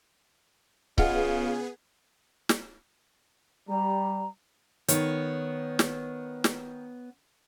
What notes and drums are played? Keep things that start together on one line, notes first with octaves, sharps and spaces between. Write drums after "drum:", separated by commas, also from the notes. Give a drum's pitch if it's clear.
C#3 B3 F4 G#4 D#5 F#5 F6, drum: kick C#1
drum: snare
G3 A#5
D#3 B3 C#5, drum: hi-hat
drum: snare
drum: snare